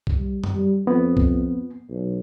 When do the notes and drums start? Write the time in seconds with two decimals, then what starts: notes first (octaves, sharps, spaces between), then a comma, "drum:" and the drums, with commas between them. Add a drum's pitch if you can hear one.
0.07 drum: kick B1
0.16 G3
0.44 drum: tom F#2
0.54 G3
0.87 F2 B3
1.17 drum: kick B1
1.90 B1